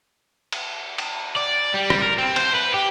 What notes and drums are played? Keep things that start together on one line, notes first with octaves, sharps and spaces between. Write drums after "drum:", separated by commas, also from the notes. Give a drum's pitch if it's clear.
drum: cymbal
drum: cymbal
D5
G3
drum: rim click
A#4
C4
C5, drum: cymbal
B4
G4